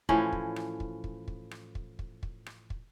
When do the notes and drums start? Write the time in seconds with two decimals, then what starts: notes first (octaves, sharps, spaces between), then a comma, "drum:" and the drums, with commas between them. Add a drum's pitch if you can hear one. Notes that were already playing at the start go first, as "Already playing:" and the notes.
0.09 A2 E3 F3 C#4, drum: kick
0.33 drum: kick
0.56 drum: rim click
0.80 drum: kick
1.04 drum: kick
1.28 drum: kick
1.51 drum: rim click
1.75 drum: kick
1.99 drum: kick
2.23 drum: kick
2.46 drum: rim click
2.70 drum: kick